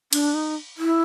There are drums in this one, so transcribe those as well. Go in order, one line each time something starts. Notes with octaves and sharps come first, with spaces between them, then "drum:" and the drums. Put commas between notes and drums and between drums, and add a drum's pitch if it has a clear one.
D4, drum: cymbal
D#4
E4